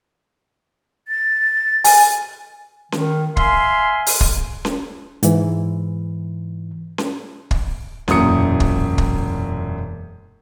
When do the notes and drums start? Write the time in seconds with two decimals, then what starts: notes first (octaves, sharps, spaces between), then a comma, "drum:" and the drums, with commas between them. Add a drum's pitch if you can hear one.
1.08 A6
1.84 G#5, drum: open hi-hat
2.92 D#3, drum: snare C#4
3.37 E5 F5 G#5 C6, drum: kick
4.06 drum: open hi-hat
4.21 drum: kick
4.65 drum: snare C#4
5.23 G#2 E3, drum: hi-hat
6.98 drum: snare C#4
7.51 drum: kick
8.08 E1 F#2 A#2 E4 D#6 C#7, drum: snare C#4
8.60 drum: kick
8.98 drum: kick